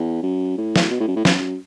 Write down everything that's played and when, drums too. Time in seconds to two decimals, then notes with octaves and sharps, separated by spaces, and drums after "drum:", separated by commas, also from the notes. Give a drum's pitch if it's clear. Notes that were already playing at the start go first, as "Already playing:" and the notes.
Already playing: E2
0.23 F#2
0.58 A2
0.76 drum: snare
0.91 B2
1.00 A2
1.07 F#2
1.16 A2
1.25 F#2, drum: snare